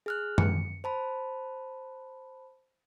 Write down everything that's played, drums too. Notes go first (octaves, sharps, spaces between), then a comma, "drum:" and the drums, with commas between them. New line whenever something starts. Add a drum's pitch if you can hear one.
G#4 F6 F#6
C#7, drum: tom
C5 A5 B5